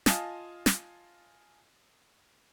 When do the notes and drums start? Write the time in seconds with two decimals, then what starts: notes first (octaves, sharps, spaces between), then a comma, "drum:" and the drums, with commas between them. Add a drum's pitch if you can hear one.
0.06 F4 D#5 F5 G#5 A5 D#6, drum: snare
0.66 drum: snare